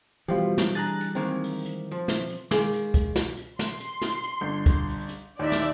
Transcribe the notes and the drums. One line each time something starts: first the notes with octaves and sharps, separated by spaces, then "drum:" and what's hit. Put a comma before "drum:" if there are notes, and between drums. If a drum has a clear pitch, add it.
B2 E3 F3 G3 F4 G4
drum: snare
D4 G#4 A#5 F#6 A6
drum: hi-hat
D#3 G#3 A#3 C4
drum: open hi-hat
drum: hi-hat
F3
drum: snare
drum: hi-hat
D#3 G#3 A#3, drum: snare
drum: hi-hat
drum: kick C2, hi-hat
drum: snare
drum: hi-hat
C6, drum: snare
drum: hi-hat
drum: snare
drum: hi-hat
G1
drum: kick C2, hi-hat
drum: open hi-hat
drum: hi-hat
D#2 D#4 D5 E5
drum: snare